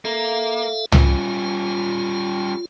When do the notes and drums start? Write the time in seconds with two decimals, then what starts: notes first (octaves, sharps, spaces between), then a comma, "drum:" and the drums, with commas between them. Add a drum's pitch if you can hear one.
0.05 A#3 A4 E5 F5
0.92 G3 C#4 F4, drum: tom